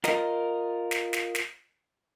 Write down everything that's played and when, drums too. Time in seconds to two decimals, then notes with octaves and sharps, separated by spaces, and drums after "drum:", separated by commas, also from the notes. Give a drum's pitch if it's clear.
0.04 F4 A#4 D#5, drum: snare
0.91 drum: snare
1.13 drum: snare
1.35 drum: snare